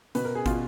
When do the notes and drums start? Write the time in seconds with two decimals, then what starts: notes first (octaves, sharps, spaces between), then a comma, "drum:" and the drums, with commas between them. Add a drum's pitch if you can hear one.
0.15 B2 B4, drum: hi-hat
0.25 A#4
0.35 G#4
0.46 B2 F4, drum: kick, hi-hat